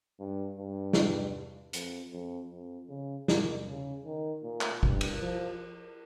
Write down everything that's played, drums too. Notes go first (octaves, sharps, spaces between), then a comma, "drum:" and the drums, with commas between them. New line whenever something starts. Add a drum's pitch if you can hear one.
G2
G2
drum: snare
F2, drum: hi-hat
F2
F2
C#3
D#3, drum: snare
C#3
D#3
A#2
drum: clap
G2, drum: kick
drum: cymbal
F3